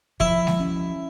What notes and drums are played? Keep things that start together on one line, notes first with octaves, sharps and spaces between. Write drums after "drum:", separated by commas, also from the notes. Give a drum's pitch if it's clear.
F3 E4, drum: kick
drum: snare G#3
C#4